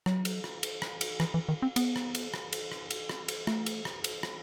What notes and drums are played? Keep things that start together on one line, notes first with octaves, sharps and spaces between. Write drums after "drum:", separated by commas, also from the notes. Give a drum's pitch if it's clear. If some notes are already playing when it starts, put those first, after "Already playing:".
F#3, drum: rim click
drum: cymbal
drum: rim click
drum: cymbal
drum: rim click
drum: cymbal
E3, drum: rim click
E3
D#3
C4
B3, drum: cymbal
drum: rim click
drum: cymbal
drum: rim click
drum: cymbal
drum: rim click
drum: cymbal
drum: rim click
drum: cymbal
A3, drum: rim click
drum: cymbal
drum: rim click
drum: cymbal
drum: rim click